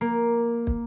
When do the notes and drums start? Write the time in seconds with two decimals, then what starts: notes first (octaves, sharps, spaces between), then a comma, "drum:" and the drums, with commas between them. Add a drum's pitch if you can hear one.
0.01 A#3
0.67 drum: kick